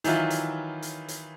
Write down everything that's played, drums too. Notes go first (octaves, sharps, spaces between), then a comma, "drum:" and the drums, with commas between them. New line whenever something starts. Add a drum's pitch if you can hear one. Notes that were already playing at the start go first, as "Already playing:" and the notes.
D#3 E3 F#3 E4 F4, drum: hi-hat
drum: hi-hat
drum: hi-hat
drum: hi-hat